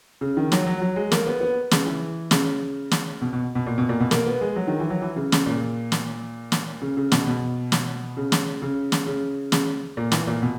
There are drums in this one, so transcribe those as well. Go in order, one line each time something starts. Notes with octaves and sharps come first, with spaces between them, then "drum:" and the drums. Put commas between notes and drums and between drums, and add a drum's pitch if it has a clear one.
C#3
D#3
F#3, drum: snare
F#3
F#3
G#3
A#3, drum: snare
B3
B3
C#3, drum: snare
E3
C#3, drum: snare
drum: snare
B2
B2
B2
A#2
B2
A#2
B2
A#3, drum: snare
B3
G#3
F#3
D#3
E3
F#3
E3
C#3
C#3, drum: snare
A#2
drum: snare
drum: snare
C#3
C#3
B2, drum: snare
B2
drum: snare
C#3
drum: snare
C#3
drum: snare
C#3
C#3, drum: snare
A#2
E3, drum: snare
A#2
B2